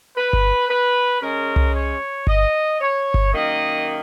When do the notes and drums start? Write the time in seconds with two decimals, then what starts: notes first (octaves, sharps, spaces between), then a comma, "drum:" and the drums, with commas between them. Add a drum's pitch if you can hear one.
0.16 B4
0.33 drum: kick G1
0.68 B4
1.21 C#3 G#3 C#4 A#4
1.56 drum: tom C2
1.74 C#5
2.27 D#5, drum: kick G1
2.80 C#5
3.14 drum: kick G1
3.32 F#2 D#3 A#3 D#5